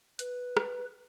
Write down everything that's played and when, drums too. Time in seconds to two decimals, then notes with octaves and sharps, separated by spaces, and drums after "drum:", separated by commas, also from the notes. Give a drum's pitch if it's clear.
0.19 B4, drum: hi-hat
0.57 drum: rim click